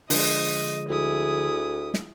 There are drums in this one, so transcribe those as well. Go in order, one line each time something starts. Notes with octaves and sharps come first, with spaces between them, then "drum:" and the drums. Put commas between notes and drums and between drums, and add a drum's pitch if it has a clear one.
D3 F3 G#3 D#5, drum: open hi-hat
D2 E4 G#4 D#6
drum: snare